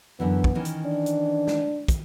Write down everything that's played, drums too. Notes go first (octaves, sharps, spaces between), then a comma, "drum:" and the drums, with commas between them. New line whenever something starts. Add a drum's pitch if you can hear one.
F#2 D3 E3 B3
drum: kick
D#3 E3 C#4
drum: hi-hat
D4
drum: hi-hat
drum: snare
drum: kick, hi-hat